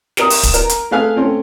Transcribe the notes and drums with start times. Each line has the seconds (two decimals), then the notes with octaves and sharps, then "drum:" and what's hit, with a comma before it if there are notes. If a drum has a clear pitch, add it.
0.17 G4 A#4 D#6, drum: snare
0.30 drum: open hi-hat
0.43 drum: kick, hi-hat
0.54 A#4 A#5, drum: hi-hat
0.69 drum: hi-hat
0.91 A3 G#4 B4 F5 G#5 F6
1.16 A3 C4 C#4